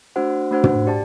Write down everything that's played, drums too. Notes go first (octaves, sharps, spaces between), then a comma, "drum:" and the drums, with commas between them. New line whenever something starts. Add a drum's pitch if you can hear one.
A3 D4 F#4 C5 F#5
A3 D4 F#4 C5 F#5
drum: tom
G4 D5 A5